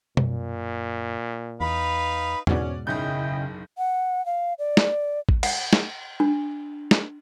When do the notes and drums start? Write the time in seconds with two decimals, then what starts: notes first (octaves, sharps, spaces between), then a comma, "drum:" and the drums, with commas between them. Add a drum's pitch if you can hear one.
0.17 F#2 A#2, drum: tom B2
1.61 E2 D#4 B4 F5 B5
2.47 E2 G#2 B2 C#4 F#4 D5, drum: tom E2
2.87 F#1 B1 C#3 E4 D#5 G5 G6
3.78 F#5
4.26 F5
4.59 D5
4.77 drum: snare
5.29 drum: kick A1
5.43 F#5, drum: cymbal
5.73 drum: snare
6.20 D4
6.91 drum: snare